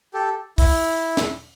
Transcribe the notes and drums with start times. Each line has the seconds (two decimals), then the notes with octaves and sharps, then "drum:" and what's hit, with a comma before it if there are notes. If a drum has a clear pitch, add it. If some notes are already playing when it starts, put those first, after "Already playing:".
0.14 G4 A4
0.58 E4, drum: kick, open hi-hat
1.17 drum: snare